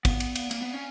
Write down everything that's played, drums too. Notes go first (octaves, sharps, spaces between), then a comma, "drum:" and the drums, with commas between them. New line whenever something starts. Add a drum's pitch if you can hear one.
B3, drum: kick, cymbal
drum: cymbal
drum: cymbal
A#3, drum: cymbal
B3
C#4